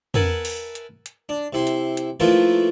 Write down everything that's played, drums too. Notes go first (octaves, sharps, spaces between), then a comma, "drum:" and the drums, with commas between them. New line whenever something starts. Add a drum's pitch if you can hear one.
A#4 B4 E5 F#5 G#5 A5, drum: tom
drum: open hi-hat
drum: hi-hat
drum: hi-hat
D4
C3 E4 C6
drum: hi-hat
drum: hi-hat
F3 A3 A#3 E4 F4 B4